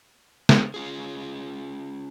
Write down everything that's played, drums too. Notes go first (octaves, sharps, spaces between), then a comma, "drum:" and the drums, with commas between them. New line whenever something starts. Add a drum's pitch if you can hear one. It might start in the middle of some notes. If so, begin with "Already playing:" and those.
drum: snare
C#4 F4 G#4